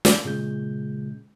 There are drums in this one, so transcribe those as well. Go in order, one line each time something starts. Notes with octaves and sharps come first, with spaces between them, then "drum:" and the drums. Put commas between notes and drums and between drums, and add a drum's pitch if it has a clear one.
drum: snare
A#2 C#3 G#3 G6